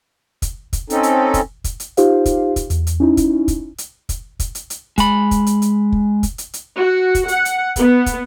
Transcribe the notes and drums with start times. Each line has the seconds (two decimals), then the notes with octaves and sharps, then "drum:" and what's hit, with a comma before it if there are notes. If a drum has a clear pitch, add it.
0.42 drum: kick, hi-hat
0.73 drum: kick, hi-hat
0.90 C4 C#4 D#4 A4, drum: hi-hat
1.03 drum: hi-hat
1.34 drum: kick, hi-hat
1.64 drum: kick, hi-hat
1.80 drum: hi-hat
1.97 D#4 F4 G4 C5 F5, drum: hi-hat
2.26 drum: kick, hi-hat
2.56 drum: kick, hi-hat
2.70 E2, drum: hi-hat
2.87 drum: hi-hat
3.00 C#4 D#4 E4
3.17 drum: kick, hi-hat
3.48 drum: kick, hi-hat
3.78 drum: hi-hat
4.09 drum: kick, hi-hat
4.40 drum: kick, hi-hat
4.55 drum: hi-hat
4.70 drum: hi-hat
4.98 G#3 B5, drum: kick, hi-hat
5.31 drum: kick, hi-hat
5.46 drum: hi-hat
5.62 drum: hi-hat
5.92 drum: kick
6.23 drum: kick, hi-hat
6.38 drum: hi-hat
6.53 drum: hi-hat
6.77 F#4
7.15 drum: kick, hi-hat
7.28 F#5, drum: hi-hat
7.45 drum: hi-hat
7.76 B3, drum: kick, hi-hat
8.06 drum: kick, hi-hat